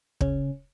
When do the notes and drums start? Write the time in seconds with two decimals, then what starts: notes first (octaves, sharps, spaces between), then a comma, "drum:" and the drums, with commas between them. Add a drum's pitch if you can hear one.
0.21 C#3 C#4, drum: kick